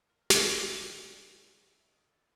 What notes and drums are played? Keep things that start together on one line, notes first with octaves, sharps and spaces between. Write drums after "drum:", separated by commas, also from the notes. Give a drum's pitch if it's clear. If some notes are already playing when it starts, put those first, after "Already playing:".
A#4
C4, drum: snare
F#3
F#3
G3
C#3
C#4
E5
D#3
A4